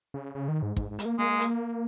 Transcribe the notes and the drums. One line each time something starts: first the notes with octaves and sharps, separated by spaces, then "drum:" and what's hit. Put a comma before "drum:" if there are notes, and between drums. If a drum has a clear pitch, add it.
C#3
C#3
D#3
G#2
G#2, drum: kick
G#2
G#3, drum: hi-hat
A#3
G#3 A#3
drum: hi-hat